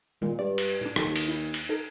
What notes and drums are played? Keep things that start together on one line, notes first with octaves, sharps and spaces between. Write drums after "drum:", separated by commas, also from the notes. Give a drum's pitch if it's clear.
A#2 D#3 G#3
G2 D5
drum: cymbal
A2 D4
D#2 G4 A4, drum: rim click
drum: cymbal
E4
drum: cymbal
D#4 A4 A#4